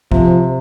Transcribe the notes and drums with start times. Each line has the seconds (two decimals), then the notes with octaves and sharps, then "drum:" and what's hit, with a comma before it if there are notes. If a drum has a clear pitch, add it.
0.12 C3 F3, drum: kick